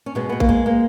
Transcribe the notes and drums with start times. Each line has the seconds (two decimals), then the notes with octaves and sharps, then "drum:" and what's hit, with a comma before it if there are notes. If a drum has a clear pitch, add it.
0.06 C#4
0.15 B2 G#3 B3
0.29 B2 B3
0.40 A#3, drum: kick A1
0.49 G#3
0.66 G#3 A#3